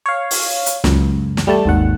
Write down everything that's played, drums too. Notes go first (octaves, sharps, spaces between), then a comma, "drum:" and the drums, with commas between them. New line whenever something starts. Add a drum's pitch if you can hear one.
C#5 F5
drum: open hi-hat
drum: hi-hat
C#2 F#2, drum: snare
drum: snare
G3 A3 A5
G#1 D#2 F#5